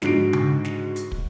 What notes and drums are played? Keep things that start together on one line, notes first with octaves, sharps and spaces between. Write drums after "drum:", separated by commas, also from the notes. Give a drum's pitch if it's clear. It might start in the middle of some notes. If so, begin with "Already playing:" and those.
G#2 D3 F#4 C7 D7, drum: snare
drum: tom C#3
drum: snare
drum: hi-hat
drum: kick